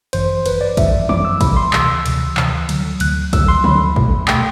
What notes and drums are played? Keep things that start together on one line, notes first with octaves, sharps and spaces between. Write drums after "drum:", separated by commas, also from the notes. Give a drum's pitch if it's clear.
G1 F#2 E3 C5, drum: cymbal
G1 F#2 E3 B4, drum: cymbal
D5
G1 F#2 E3 E5, drum: kick, cymbal
G1 F#2 E3 D6, drum: tom
E6
D2 C3 E3 B5, drum: kick, cymbal
C6
D2 C3 E3 E6, drum: clap
D2 C3 E3, drum: cymbal
D2 C3 E3, drum: clap
D2 D3 F#3, drum: cymbal
D2 D3 F#3 F#6, drum: cymbal
D2 D3 F#3 E6, drum: kick, cymbal
C6
D2 D3 F#3 B5, drum: tom
E2 B2 A3, drum: kick
B2 A3 G5, drum: clap